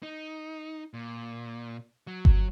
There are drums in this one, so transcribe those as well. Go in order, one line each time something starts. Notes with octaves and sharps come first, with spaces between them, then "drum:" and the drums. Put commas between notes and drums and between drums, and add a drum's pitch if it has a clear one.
D#4
A#2
F#3
drum: kick G1